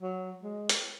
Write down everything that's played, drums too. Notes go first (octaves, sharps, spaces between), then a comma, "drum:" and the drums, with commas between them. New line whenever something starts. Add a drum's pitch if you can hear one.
F#3
G#3
drum: hi-hat